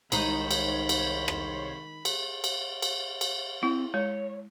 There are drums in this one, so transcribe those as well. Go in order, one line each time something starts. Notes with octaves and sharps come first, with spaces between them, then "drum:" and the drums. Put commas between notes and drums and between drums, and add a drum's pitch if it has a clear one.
C2 D#3 G#3 D#4 C5 C#5 B5, drum: cymbal
drum: cymbal
drum: cymbal
drum: rim click
drum: cymbal
drum: cymbal
drum: cymbal
drum: cymbal
C4 E4
G#3 C#5